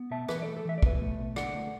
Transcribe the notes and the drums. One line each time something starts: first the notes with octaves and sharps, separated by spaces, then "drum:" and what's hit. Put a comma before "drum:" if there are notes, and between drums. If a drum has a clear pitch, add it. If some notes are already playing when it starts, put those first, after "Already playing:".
Already playing: B3
B2 E5 A5
E3 B4 E5, drum: rim click
A4 D5
A3
A4
E3 E5
D5
B2 B4 E5, drum: kick
A3
B2
D3 D5 F#5, drum: rim click
A3